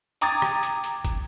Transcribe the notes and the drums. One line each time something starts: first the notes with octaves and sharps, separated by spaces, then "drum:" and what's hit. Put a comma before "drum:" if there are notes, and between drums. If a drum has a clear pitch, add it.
G5 A#5 D6 D#6 G#6 A6, drum: hi-hat
drum: rim click
drum: hi-hat
drum: hi-hat
drum: kick, hi-hat